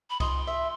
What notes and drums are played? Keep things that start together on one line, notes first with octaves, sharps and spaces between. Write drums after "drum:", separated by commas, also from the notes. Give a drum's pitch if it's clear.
B5
D#5 C6, drum: kick C2, cymbal
E5